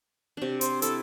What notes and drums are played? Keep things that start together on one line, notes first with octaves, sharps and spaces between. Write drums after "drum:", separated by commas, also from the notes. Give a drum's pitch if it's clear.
C3 D4
C5, drum: hi-hat
E4 A4, drum: hi-hat